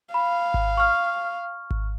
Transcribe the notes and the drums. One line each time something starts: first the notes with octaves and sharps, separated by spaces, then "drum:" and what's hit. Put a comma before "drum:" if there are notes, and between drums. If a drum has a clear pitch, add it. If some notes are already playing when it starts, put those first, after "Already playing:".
F5 B5
drum: kick G#1
C#6 F6
drum: kick G#1